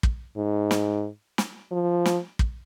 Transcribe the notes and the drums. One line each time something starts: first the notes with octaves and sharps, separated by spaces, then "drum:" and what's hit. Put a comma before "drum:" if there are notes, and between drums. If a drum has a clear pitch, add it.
drum: kick
G#2
drum: snare
drum: snare
F3
drum: snare
drum: kick